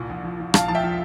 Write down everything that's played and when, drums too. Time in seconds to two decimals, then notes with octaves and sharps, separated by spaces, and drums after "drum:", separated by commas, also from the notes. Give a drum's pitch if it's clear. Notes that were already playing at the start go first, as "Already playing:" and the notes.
Already playing: C2 A#2
0.09 A#1
0.24 F3
0.40 F3
0.54 A#1 F5 A5, drum: rim click
0.68 F3 A5
0.75 E5 G5
0.83 F3